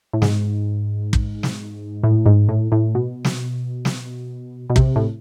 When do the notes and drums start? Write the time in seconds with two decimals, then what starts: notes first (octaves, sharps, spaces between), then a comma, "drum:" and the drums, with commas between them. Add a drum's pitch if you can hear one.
0.13 A2
0.22 G#2, drum: snare
1.13 drum: kick
1.43 drum: snare
2.04 A2
2.26 G#2
2.49 A2
2.72 A2
2.95 B2
3.25 drum: snare
3.85 drum: snare
4.70 B2
4.76 C3, drum: kick
4.96 A2